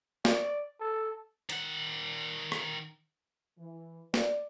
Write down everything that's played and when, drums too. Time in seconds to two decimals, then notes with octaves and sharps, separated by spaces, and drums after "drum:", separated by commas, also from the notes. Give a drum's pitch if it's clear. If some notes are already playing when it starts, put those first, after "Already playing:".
0.25 D5, drum: snare
0.80 A4
1.50 D#3 F#5, drum: hi-hat
2.52 drum: rim click
3.59 E3
4.14 D5, drum: snare